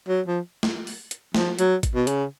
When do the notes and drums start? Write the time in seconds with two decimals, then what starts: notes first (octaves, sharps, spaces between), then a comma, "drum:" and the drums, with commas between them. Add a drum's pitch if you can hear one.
0.08 F#3
0.27 F3
0.63 drum: snare
0.87 drum: open hi-hat
1.11 drum: hi-hat
1.35 F3, drum: snare
1.59 F#3, drum: hi-hat
1.83 drum: kick G#1, hi-hat
1.95 B2
2.07 C#3, drum: hi-hat